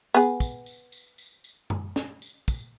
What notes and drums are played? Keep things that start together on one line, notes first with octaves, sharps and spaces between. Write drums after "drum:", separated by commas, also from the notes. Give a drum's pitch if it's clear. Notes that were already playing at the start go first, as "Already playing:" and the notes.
B3 G#4, drum: tambourine
drum: kick, tambourine
drum: tambourine
drum: tambourine
drum: tambourine
drum: tambourine
drum: tom F#2
drum: snare
drum: tambourine
drum: kick, tambourine